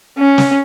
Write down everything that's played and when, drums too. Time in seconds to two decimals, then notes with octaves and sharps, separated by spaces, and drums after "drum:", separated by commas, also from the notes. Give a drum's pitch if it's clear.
0.18 C#4
0.38 drum: snare